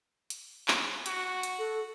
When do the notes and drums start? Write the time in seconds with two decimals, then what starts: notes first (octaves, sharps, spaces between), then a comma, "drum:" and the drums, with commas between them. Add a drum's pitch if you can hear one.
0.30 drum: hi-hat
0.68 drum: clap
1.06 F#4, drum: hi-hat
1.43 drum: hi-hat
1.59 A4